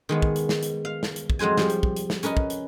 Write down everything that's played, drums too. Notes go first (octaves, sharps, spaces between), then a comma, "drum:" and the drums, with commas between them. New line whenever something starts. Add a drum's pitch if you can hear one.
D#3 G#3 B3
drum: kick
drum: hi-hat
drum: snare
drum: hi-hat
F5
drum: snare
drum: hi-hat
drum: kick
F2 F#3 G#3 C5 G#5
F3 G3, drum: snare
drum: hi-hat
drum: kick
drum: hi-hat
drum: snare
C#4 A#4 B4 D#5, drum: hi-hat
drum: kick
drum: hi-hat